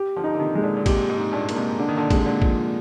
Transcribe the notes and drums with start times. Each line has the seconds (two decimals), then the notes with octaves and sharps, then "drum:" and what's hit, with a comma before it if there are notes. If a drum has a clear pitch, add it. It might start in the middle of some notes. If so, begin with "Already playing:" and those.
Already playing: G4
0.16 D3 F3
0.24 D#4
0.35 D3
0.40 C3 D#3
0.55 G#3
0.63 A#2 D3
0.76 A#2
0.86 G#2 C3 G4, drum: kick A1, cymbal
1.10 G#2
1.18 D#4
1.33 G2 A#2
1.49 A#3, drum: cymbal
1.56 G#2 C3
1.79 D3 D4
1.89 D#3
1.97 A#2 D3
2.10 C3 G#3, drum: kick A1, cymbal
2.26 A#2 D3
2.42 F3, drum: kick A1